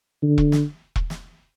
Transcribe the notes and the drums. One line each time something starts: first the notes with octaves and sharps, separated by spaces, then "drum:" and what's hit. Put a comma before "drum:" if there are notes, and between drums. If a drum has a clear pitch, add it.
D3
drum: kick E1
drum: snare
drum: kick E1
drum: snare